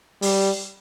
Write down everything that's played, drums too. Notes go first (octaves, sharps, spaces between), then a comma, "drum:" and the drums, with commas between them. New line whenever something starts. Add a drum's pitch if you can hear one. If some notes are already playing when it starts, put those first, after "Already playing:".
G3, drum: open hi-hat